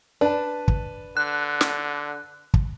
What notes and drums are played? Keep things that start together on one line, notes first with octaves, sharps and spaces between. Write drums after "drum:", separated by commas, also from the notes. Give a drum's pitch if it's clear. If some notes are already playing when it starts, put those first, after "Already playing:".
D4 B4 A5
drum: kick
D3 F#6
drum: snare
drum: kick